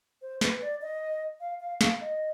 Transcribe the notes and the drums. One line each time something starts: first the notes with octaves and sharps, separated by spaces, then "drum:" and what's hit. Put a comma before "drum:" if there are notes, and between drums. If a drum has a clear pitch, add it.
C5
B4, drum: snare
D5
D#5
F5
F5
F5, drum: snare
D#5